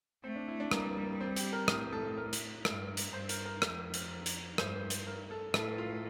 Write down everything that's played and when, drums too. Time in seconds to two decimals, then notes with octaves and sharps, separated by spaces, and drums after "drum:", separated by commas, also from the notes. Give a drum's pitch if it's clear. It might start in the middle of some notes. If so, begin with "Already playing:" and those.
0.24 A3 C4
0.36 D4
0.48 E4
0.60 D4
0.71 G3 A#3, drum: rim click
0.96 A#3
1.21 C4
1.36 G4, drum: hi-hat
1.53 A#4
1.68 A2 A#4, drum: rim click
1.92 A4
2.17 A#4
2.33 drum: hi-hat
2.65 G2, drum: rim click
2.97 drum: hi-hat
3.13 G2 C5
3.29 A#4, drum: hi-hat
3.45 A#4
3.62 F2, drum: rim click
3.94 drum: hi-hat
4.26 drum: hi-hat
4.58 G2 C5, drum: rim click
4.90 drum: hi-hat
5.06 A#4
5.31 A4
5.54 A2 A4, drum: rim click
5.78 F4